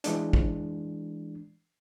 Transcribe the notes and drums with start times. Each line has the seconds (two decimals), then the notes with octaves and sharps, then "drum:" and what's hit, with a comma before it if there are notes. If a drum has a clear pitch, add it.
0.04 E3 G#3 D4, drum: hi-hat
0.33 drum: kick